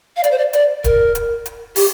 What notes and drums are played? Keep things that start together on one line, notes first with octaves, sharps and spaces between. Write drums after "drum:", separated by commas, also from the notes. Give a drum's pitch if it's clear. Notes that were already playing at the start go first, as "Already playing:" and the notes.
F5
D5, drum: hi-hat
C5
D5
D5, drum: hi-hat
A#4, drum: kick D1, hi-hat
drum: hi-hat
drum: hi-hat
G4, drum: open hi-hat